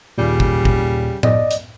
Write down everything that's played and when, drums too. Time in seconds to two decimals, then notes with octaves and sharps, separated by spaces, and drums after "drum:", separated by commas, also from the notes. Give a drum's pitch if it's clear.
0.18 D#2 A#2 C#3 G3
0.40 drum: kick
0.65 drum: kick
1.23 D5 D#5, drum: tom A2
1.51 drum: hi-hat